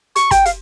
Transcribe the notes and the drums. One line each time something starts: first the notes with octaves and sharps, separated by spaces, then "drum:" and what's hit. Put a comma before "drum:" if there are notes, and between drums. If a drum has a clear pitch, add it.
C#6, drum: hi-hat
G5, drum: kick, hi-hat
F5, drum: hi-hat